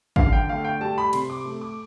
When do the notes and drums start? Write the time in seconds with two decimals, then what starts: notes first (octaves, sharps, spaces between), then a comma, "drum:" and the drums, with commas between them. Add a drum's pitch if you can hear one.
0.16 D3 F5, drum: kick
0.33 G5
0.49 A3 F5
0.65 G5
0.81 G3 A5
0.98 B5
1.13 C3 C6, drum: cymbal
1.30 D6
1.45 A3
1.61 D6